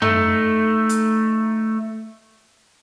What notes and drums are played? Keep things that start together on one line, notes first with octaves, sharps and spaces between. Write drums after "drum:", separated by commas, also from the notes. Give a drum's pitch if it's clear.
A3 D#4, drum: tom
drum: hi-hat